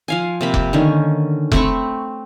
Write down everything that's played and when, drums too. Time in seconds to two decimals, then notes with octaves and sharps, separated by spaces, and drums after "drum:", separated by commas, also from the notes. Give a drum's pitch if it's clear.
0.08 F3 F5 G#5
0.41 C3 A#3 B5
0.54 drum: kick F1
0.73 D3 D#3 C#4
1.52 A3 C4 B5 C#6, drum: kick F1